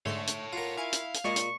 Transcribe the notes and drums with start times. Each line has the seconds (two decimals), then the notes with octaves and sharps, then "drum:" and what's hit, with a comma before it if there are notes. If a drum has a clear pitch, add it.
0.06 G#2 D3 A3 A4 C#5 C6
0.27 drum: hi-hat
0.53 F4 A#4 F#5
0.77 E4 F5 G#5 C#6
0.93 drum: hi-hat
1.14 drum: hi-hat
1.24 A#2 G#3 D5 D#5 C#6
1.36 drum: hi-hat